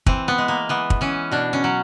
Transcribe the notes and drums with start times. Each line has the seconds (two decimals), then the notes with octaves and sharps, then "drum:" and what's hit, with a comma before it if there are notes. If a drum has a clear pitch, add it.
0.06 E3 C4, drum: kick
0.28 B3
0.38 G#3
0.48 A#3
0.69 E3 B3
0.90 drum: kick
1.01 E3 C#4
1.31 B2 D4
1.53 C#4
1.64 F#3